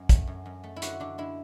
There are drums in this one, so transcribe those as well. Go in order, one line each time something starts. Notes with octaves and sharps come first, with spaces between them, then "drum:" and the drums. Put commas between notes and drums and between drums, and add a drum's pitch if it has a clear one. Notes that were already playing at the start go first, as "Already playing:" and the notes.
Already playing: F#2
A3, drum: kick, hi-hat
F#2
F#2
A3
E4
D3 F#4, drum: hi-hat
D3 D4
D3 E4